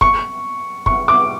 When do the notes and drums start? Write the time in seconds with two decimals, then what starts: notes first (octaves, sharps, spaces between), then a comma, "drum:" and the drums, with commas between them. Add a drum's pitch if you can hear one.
0.01 C#6, drum: kick F#1
0.86 C#6, drum: kick F#1
1.08 D6